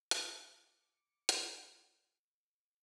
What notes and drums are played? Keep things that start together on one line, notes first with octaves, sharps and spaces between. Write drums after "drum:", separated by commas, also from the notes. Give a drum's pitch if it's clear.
D6 C#7, drum: hi-hat
drum: hi-hat